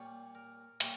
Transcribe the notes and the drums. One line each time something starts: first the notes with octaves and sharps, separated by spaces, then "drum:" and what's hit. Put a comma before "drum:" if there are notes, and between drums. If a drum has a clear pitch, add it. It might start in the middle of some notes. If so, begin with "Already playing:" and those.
Already playing: A#2 G3 A#3 C#5
A#4
A#2 G3 A#3 C#5, drum: hi-hat